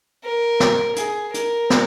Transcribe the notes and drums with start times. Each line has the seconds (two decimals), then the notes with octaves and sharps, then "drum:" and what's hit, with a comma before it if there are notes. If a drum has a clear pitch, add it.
0.24 A#4
0.60 drum: snare
0.96 G#4, drum: hi-hat
1.34 A#4, drum: hi-hat
1.70 drum: snare